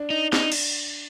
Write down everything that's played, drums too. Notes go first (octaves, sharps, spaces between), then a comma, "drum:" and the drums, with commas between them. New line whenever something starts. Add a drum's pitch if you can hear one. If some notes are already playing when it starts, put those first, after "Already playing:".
Already playing: D4
D#4
D#4, drum: snare
drum: cymbal